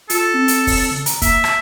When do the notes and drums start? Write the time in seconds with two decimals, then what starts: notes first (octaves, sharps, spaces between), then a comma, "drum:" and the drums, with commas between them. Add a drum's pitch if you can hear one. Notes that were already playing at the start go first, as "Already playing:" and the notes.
0.10 F4 A4, drum: hi-hat
0.34 C4
0.48 drum: hi-hat
0.67 drum: kick, open hi-hat
0.91 C#3
1.06 A#5, drum: hi-hat
1.22 A#3 E5, drum: kick, hi-hat
1.44 drum: rim click